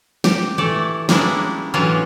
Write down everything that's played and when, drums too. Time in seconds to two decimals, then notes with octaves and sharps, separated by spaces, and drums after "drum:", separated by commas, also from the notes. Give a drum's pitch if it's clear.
0.24 G4, drum: snare
0.58 E3 A3 E4 A4 D5
1.09 G3 G#3 A#3 C#4 D4 E4, drum: snare
1.74 A2 E3 F#3 C#4 D4 F4